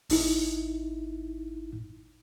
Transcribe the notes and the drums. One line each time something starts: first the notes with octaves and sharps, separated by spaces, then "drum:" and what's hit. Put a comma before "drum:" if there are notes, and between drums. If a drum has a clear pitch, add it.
G#1 D#4 E4, drum: open hi-hat